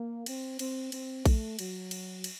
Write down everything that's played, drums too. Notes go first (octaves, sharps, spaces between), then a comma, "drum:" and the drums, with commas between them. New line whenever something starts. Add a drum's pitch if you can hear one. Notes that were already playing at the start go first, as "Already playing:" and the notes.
Already playing: A#3
C4, drum: cymbal
C4, drum: cymbal
C4, drum: cymbal
A3, drum: kick A#1, cymbal
F#3, drum: cymbal
drum: cymbal
drum: cymbal